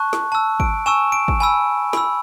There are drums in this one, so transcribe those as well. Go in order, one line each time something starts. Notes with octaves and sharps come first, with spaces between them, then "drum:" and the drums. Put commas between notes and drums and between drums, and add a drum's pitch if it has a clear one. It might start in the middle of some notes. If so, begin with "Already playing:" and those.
Already playing: A5 C#6 F#6
drum: snare
A5 E6
D7, drum: kick
G#5 C#6 E6 E7
D7
drum: kick
G#5 B5 E6
B5 E6, drum: snare